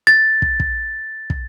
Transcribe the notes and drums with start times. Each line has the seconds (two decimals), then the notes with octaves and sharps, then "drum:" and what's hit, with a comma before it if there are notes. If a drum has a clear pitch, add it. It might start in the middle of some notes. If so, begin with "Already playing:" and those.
0.07 A6
0.42 drum: kick
0.60 drum: kick
1.30 drum: kick